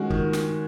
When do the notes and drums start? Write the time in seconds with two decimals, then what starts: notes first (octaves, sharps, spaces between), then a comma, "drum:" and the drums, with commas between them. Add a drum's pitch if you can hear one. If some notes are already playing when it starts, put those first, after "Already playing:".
Already playing: D#3 G#3 C#4 F#4
0.10 D#3, drum: kick
0.33 drum: snare